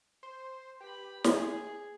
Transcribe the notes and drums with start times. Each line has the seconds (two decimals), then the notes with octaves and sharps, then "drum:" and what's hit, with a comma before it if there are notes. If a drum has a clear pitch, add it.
0.23 C5
0.80 G4 B4 B5
1.24 G#4, drum: snare